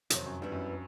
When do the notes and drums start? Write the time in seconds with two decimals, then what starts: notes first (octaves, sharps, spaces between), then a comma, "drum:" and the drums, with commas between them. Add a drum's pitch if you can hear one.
0.10 F2 C3 D#3 F#3, drum: hi-hat
0.26 F#2
0.42 G2 G3 B3 E4
0.52 F#2